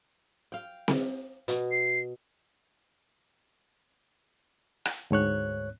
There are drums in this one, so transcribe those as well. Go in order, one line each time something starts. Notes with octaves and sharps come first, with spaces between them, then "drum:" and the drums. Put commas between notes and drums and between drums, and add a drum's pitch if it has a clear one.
F5 G5
drum: snare C4
B2, drum: hi-hat
C7
drum: rim click
D2 G#2 C#5 F#6